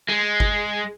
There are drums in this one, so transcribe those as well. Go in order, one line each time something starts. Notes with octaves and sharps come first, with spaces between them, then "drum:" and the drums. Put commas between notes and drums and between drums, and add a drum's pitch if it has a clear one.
G#3
drum: kick G1